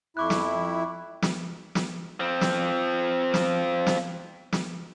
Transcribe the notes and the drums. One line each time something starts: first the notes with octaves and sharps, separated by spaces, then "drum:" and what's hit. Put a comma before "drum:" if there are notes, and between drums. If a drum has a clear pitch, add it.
F2 E4 C#6 D6 F#6
drum: snare
drum: snare
drum: snare
F3 C4
drum: snare
drum: snare
drum: snare
drum: snare